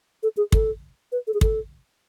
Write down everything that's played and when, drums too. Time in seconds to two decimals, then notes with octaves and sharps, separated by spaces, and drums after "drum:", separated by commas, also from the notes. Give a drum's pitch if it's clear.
0.23 A4
0.37 G#4
0.52 A4, drum: kick
1.12 B4
1.27 A4
1.34 G#4
1.41 A4, drum: kick